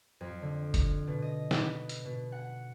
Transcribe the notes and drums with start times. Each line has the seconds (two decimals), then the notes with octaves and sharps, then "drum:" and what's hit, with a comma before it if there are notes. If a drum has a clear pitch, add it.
0.21 F2
0.42 D3
0.74 drum: kick F1, hi-hat
1.07 B2
1.22 D#5
1.51 B3, drum: snare
1.89 drum: hi-hat
2.05 B2
2.32 F#5